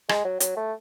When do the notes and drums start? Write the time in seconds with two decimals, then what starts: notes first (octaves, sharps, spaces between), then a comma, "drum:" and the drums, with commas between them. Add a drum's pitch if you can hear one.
0.09 G#3, drum: rim click
0.25 F#3
0.40 F#3, drum: hi-hat
0.57 A3